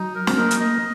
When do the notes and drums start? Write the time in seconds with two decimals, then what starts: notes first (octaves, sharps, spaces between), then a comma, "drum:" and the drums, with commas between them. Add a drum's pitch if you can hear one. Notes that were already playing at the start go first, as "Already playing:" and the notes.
Already playing: F#3 D#4
0.15 A#4
0.27 C4, drum: snare
0.38 A#3 D#4
0.51 drum: hi-hat
0.60 D#5